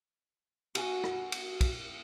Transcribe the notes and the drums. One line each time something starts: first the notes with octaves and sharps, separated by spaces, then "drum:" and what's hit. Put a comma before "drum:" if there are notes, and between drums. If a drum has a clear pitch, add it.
F#4 G#5, drum: cymbal
drum: rim click
drum: cymbal
drum: kick, cymbal